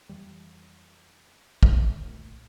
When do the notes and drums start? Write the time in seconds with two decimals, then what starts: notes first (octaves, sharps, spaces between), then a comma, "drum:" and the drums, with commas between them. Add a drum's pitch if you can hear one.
0.09 F2 E3 G3
1.63 D3, drum: kick
2.05 D1 D2 A#2